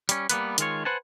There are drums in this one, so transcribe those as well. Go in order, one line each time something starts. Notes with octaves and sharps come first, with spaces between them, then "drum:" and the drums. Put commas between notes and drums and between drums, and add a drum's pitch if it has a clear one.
G3 C#4, drum: hi-hat
G3 A#3 B3 B4, drum: hi-hat
D#3 G#3 F4 C#5, drum: hi-hat
B4 C5 F#5 G#5 A5